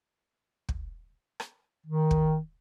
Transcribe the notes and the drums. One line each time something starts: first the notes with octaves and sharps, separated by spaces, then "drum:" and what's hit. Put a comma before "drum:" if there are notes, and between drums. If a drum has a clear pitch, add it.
drum: kick
drum: rim click
D#3
drum: kick